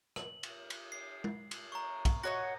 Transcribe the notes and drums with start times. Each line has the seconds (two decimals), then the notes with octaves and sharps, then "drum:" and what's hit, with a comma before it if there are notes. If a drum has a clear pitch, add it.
0.16 F#7, drum: rim click
0.43 drum: cymbal
0.70 drum: cymbal
0.92 C7
1.24 drum: tom G#3
1.51 drum: cymbal
1.72 A#5 C#6
2.05 drum: kick, cymbal
2.23 F#4 C#5 D#5 A#6